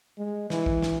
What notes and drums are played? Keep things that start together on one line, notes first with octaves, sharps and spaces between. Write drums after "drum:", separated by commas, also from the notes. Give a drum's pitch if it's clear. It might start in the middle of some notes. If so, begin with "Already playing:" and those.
G#3
E3, drum: snare
drum: kick B1
drum: snare